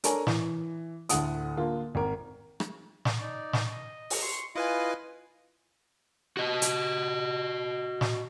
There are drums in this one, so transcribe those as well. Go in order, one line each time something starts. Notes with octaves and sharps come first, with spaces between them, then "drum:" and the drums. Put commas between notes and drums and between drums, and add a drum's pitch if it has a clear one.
D4 A4 A#4 C#5 G#5 A#5, drum: hi-hat
E3, drum: snare
D2 A2 D3 F#5 D#6, drum: hi-hat
D3 A#3 F4
G#1 A#4
drum: rim click
drum: snare
D#4 D5
drum: snare
D#5
drum: open hi-hat
C6 C#6
E4 F4 B4 D#5 G#5
F#4 D#5
drum: hi-hat
drum: snare